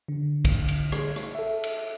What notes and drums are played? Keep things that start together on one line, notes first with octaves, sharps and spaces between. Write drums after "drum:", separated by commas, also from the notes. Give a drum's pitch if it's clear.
D3
drum: kick, cymbal
drum: cymbal
G#4 C#5, drum: rim click
drum: rim click
A4 E5
drum: cymbal